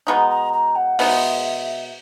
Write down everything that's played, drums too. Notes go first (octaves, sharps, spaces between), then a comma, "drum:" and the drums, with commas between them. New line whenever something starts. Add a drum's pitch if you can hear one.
B2 G#3 B3 D#4 A#5
A#5
A#5
F#5
B2 G#3 B3 D#4 E5, drum: open hi-hat